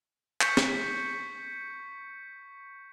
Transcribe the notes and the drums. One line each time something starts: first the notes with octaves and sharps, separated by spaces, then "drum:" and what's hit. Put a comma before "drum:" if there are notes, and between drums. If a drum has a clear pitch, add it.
C#6 G6 B6 C#7, drum: clap
drum: snare C4